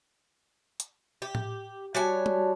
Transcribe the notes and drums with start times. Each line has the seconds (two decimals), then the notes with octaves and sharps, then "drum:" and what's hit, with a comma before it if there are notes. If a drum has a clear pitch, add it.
0.80 drum: hi-hat
1.22 G4
1.35 drum: tom A2
1.95 G3 F#4 C#5 G#5 A5
2.26 drum: tom G3